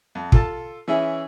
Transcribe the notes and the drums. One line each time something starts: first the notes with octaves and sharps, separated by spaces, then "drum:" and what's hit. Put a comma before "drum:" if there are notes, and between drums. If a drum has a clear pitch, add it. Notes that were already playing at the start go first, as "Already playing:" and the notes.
F2
F4 A4 A5, drum: kick
E3 C#4 E4 G#4